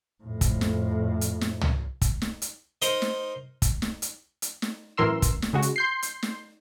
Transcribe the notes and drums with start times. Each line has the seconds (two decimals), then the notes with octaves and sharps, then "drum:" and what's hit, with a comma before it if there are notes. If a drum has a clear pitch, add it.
0.23 F2 A2
0.41 drum: kick, hi-hat
0.61 drum: snare
1.21 drum: hi-hat
1.41 drum: snare
1.61 drum: tom
2.02 drum: kick, hi-hat
2.22 drum: snare
2.42 drum: hi-hat
2.82 D#4 A#4 C5 D#5, drum: hi-hat
3.02 drum: snare
3.62 drum: kick, hi-hat
3.82 drum: snare
4.02 drum: hi-hat
4.42 drum: hi-hat
4.62 drum: snare
4.97 F#2 A2 E3 A#4 C6 E6
5.22 drum: kick, hi-hat
5.42 drum: snare
5.53 C#3 G#3 F#4
5.62 drum: hi-hat
5.76 C6 G6 C7
6.02 drum: hi-hat
6.23 drum: snare